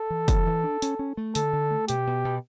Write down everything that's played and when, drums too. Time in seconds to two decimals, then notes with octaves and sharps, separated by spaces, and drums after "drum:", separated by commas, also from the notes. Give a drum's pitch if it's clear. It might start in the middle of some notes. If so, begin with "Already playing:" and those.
Already playing: A4
0.10 E3
0.28 E3, drum: kick, hi-hat
0.46 E3
0.63 D4
0.82 C#4, drum: hi-hat
0.99 C#4
1.17 A3
1.35 D3 A4, drum: hi-hat
1.53 D3
1.71 A3
1.88 B2 G4, drum: hi-hat
2.07 B2
2.25 B2